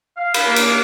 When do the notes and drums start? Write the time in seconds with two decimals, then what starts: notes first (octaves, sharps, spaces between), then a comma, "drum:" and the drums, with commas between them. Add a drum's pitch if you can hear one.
0.17 F5
0.34 B5, drum: cymbal
0.47 A#3
0.56 drum: cymbal